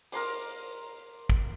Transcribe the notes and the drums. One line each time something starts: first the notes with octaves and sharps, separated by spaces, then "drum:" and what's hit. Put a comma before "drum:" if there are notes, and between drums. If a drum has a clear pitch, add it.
A#4 A#5 C6 D6, drum: open hi-hat
drum: kick